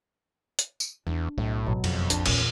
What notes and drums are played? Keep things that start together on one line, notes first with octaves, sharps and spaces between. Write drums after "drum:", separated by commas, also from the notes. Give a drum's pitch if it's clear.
drum: hi-hat
drum: tambourine
E2 D4
B1 A2
A1 B2 F#3
F#1 F2, drum: cymbal
A#1 D4, drum: hi-hat
D1 A#1 E2 C#4, drum: cymbal